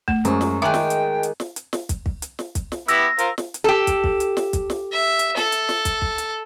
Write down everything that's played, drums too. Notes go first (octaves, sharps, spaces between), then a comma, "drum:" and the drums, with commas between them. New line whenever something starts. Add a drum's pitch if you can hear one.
A3, drum: kick
F#2 F#3 G#3 C5, drum: hi-hat
drum: snare
D#3 G#3 E5 G5 G#5 D6 F#6
drum: snare
drum: hi-hat
drum: hi-hat
drum: snare
drum: hi-hat
drum: snare
drum: kick, hi-hat
drum: kick
drum: hi-hat
drum: snare
drum: kick, hi-hat
drum: snare
B3 E4 G4 E6 A#6, drum: hi-hat
F4 A#4 C5, drum: hi-hat
drum: snare
drum: hi-hat
G4 A4
drum: kick, hi-hat
drum: kick
drum: hi-hat
drum: snare
drum: kick, hi-hat
drum: snare
E5
drum: hi-hat
A4, drum: snare
drum: hi-hat
drum: snare
drum: kick, hi-hat
drum: kick
drum: hi-hat